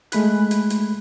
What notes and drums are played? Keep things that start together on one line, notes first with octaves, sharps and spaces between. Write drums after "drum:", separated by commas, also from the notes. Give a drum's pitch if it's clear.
G#3 A3 B5 F#6, drum: hi-hat
drum: hi-hat
drum: hi-hat